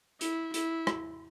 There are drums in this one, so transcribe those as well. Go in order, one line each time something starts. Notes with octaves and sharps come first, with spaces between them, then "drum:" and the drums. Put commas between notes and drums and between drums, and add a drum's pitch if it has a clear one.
E4, drum: hi-hat
E4, drum: hi-hat
drum: rim click